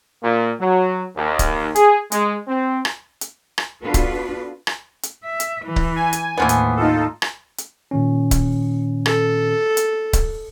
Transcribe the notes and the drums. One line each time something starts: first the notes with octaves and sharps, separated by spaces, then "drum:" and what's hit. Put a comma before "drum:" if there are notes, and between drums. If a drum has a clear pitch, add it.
A#2
F#3
D#2
drum: kick C#1, hi-hat
G#4, drum: hi-hat
G#3, drum: hi-hat
C4
drum: rim click
drum: hi-hat
drum: rim click
B3 D4 F4 F#4 A4 B4
drum: kick C#1, hi-hat
drum: rim click
drum: hi-hat
E5
drum: hi-hat
E3
drum: kick C#1
G#5
drum: hi-hat
D#2 A2 E3 F3 B3
drum: hi-hat
D#4 F4 A4
drum: rim click
drum: hi-hat
A#2 D#3 C#4
drum: kick C#1, hi-hat
A4, drum: rim click
drum: hi-hat
drum: kick C#1, hi-hat